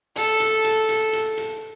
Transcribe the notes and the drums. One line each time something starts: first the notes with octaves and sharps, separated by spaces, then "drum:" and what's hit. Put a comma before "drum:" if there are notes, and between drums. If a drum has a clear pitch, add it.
A4, drum: hi-hat
drum: hi-hat
drum: hi-hat
drum: hi-hat
drum: hi-hat
drum: hi-hat